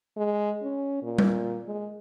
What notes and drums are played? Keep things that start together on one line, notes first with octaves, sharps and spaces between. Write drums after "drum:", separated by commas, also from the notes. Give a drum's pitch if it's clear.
G#3
C#4
A#2
drum: tom G3
G#3